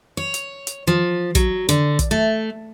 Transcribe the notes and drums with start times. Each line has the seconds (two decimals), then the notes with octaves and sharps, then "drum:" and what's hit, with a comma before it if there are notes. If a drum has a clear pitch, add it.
0.17 C#5
0.34 drum: hi-hat
0.67 drum: hi-hat
0.87 F3
1.35 F#3, drum: kick, hi-hat
1.69 D3, drum: hi-hat
1.99 drum: kick, hi-hat
2.11 A3